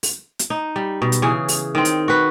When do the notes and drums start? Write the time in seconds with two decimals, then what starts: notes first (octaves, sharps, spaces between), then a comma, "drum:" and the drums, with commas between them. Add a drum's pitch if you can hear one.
0.03 drum: open hi-hat
0.39 drum: hi-hat
0.50 D#4
0.76 G3
1.02 B2
1.12 drum: hi-hat
1.22 C#3 E3 G#4
1.48 drum: open hi-hat
1.75 D#3 C4
1.85 drum: hi-hat
2.08 F#4 B4